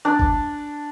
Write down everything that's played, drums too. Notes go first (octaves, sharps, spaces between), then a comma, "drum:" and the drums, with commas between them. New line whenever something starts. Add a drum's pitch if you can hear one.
D4
drum: kick G1